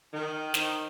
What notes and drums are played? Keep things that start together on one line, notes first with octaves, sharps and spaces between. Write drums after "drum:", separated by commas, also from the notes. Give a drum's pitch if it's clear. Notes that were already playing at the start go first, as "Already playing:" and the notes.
D#3
D#3 C5, drum: snare